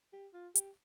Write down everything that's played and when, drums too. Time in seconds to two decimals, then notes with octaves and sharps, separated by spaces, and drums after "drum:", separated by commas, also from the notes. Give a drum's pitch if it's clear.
0.13 G4
0.34 F4
0.55 G4, drum: hi-hat